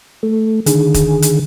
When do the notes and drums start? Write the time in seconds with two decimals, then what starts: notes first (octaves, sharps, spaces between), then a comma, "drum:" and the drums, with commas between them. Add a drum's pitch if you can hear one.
0.23 A3
0.66 D3 D#3 G#4, drum: hi-hat
0.94 drum: kick, hi-hat
1.22 drum: hi-hat